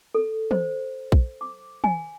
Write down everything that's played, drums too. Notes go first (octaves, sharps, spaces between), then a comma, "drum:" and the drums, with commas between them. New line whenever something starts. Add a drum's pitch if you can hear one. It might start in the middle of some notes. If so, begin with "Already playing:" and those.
A4
C5, drum: tom
drum: kick A#1
D6
G#5, drum: tom